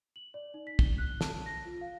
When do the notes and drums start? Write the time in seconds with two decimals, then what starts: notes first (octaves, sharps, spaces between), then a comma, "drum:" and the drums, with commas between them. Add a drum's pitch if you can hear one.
0.16 F#7
0.34 D5
0.54 D#4
0.67 B6
0.79 G7, drum: kick
0.98 F#6
1.21 A5, drum: snare
1.46 A#6
1.65 F4
1.81 F5